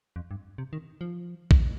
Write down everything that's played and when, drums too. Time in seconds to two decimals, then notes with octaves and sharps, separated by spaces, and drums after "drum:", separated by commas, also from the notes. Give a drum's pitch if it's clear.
0.16 F2
0.31 G2
0.58 C3
0.73 D#3
1.01 F3
1.51 drum: kick A#1